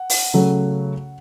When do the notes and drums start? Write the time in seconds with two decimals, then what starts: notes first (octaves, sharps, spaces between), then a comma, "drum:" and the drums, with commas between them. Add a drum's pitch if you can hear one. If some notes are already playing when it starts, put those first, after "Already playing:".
Already playing: F#5
0.10 drum: open hi-hat
0.34 C#3 F#3 A3